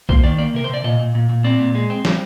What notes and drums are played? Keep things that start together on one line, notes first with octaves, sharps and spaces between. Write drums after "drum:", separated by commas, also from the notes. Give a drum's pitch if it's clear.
A#3 C5, drum: kick B1
D#3 D5
A#3 D5
C3 A#4
C5
C3 D5
A#2 D#5
A#2
A#2
A#2
C4 D5
A#2
G#3
C4
G3, drum: snare